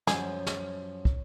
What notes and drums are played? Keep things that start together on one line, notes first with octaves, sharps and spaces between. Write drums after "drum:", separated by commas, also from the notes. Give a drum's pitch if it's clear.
F#2 F3 G#4 C#5, drum: snare
drum: snare
drum: kick